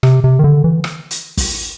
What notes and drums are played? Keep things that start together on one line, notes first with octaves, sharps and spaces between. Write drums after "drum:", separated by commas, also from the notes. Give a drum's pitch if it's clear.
C3, drum: rim click
C3
D#3
D3
E3
drum: rim click
drum: hi-hat
drum: kick, open hi-hat